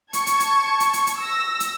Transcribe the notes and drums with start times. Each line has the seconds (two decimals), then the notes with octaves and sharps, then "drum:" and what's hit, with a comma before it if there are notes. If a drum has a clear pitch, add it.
0.13 A5 C#6 G#6, drum: hi-hat
0.27 drum: hi-hat
0.40 drum: hi-hat
0.80 drum: hi-hat
0.93 drum: hi-hat
1.07 drum: hi-hat
1.20 E6 A#6
1.60 drum: hi-hat